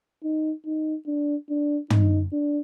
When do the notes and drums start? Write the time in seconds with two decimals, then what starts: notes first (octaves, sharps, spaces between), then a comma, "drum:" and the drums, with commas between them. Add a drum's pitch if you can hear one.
0.23 D#4
0.66 D#4
1.07 D4
1.49 D4
1.90 D#4, drum: tom
2.32 D4